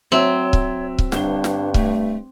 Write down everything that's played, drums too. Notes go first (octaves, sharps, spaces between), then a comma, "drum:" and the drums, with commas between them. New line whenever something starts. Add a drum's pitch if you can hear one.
F#3 C4 C#5 E5
drum: kick C#1
drum: kick C#1
G1 G2 D4 G7, drum: snare
drum: snare
A3, drum: kick C#1